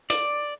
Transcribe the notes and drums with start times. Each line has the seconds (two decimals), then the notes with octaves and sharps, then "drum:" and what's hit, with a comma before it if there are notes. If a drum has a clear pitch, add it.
0.10 D5, drum: hi-hat